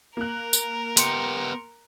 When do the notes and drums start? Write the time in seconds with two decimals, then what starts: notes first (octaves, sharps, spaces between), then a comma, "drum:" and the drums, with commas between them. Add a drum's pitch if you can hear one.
0.17 A#3 A#4 F#6
0.53 drum: tambourine
0.97 B3 G4 C6 C#7, drum: hi-hat